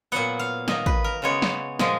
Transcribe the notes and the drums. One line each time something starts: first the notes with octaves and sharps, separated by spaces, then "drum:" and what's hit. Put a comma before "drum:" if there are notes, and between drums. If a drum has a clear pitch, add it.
A#2 F#3 B3 F#5
F5
D#3 A#3 D#5, drum: snare
B4, drum: kick
A#4
C#3 G#3 B3 C#5
drum: snare
A#2 F3 G#3 D#5, drum: snare